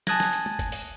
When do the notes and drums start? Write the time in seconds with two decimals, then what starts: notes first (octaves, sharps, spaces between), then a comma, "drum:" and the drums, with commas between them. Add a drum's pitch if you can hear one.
0.07 G#5 A5 D#6 F#6 G#6 A#6, drum: snare
0.20 drum: snare
0.33 drum: hi-hat
0.46 drum: tom
0.59 drum: kick F#1, hi-hat
0.72 drum: open hi-hat